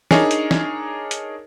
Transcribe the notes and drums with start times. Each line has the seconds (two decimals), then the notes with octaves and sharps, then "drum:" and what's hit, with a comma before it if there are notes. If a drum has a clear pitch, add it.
0.11 D4 D#4 G#4 A#4 C#5, drum: snare
0.31 drum: hi-hat
0.51 drum: snare
1.11 drum: hi-hat